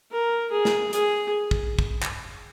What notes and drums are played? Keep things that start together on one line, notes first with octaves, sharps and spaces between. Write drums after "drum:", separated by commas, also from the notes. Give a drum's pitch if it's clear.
A#4
G#4
drum: snare
G#4, drum: hi-hat
drum: kick
drum: kick
drum: clap